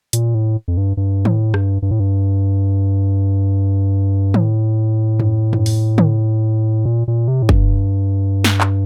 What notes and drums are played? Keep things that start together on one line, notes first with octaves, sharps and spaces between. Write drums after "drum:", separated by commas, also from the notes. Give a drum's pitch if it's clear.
A#2, drum: hi-hat
A2
F2
G2
G2
A2, drum: tom
G2, drum: rim click
G2
A2
G2
A2, drum: tom
drum: tom
drum: tom
drum: open hi-hat
drum: tom
A#2
A#2
C3
A2
G2, drum: kick F#1
drum: snare
drum: clap